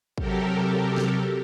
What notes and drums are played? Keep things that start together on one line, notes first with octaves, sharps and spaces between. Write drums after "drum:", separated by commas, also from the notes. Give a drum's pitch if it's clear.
C3 F#3 G4 A4 A#4, drum: kick
drum: snare